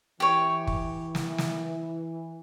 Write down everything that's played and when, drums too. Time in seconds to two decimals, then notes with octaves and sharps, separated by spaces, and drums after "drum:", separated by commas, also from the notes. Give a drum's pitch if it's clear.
0.20 E3 G4 C#5
0.67 drum: kick
1.15 drum: snare
1.38 drum: snare